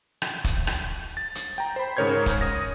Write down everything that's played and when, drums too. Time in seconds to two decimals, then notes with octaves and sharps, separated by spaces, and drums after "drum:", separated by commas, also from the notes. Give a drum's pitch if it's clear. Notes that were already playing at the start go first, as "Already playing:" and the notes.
0.22 drum: rim click
0.44 drum: kick, hi-hat
0.67 drum: rim click
1.17 A6
1.35 drum: hi-hat
1.58 G5 A#5
1.76 C5 B5
1.97 G#2 C#3 A#4 C#5 G6 G#6
2.26 drum: kick, hi-hat
2.41 D#6 A#6